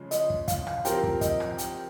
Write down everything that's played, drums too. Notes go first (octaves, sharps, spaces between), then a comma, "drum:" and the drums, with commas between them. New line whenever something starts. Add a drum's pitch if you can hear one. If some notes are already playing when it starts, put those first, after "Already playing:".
Already playing: C#3 F3 G#3
D#5, drum: hi-hat
drum: kick
F5, drum: kick, hi-hat
drum: rim click
F3 C4 G4 A#4 G5, drum: hi-hat
drum: kick
D#5, drum: kick, hi-hat
drum: rim click
G5, drum: hi-hat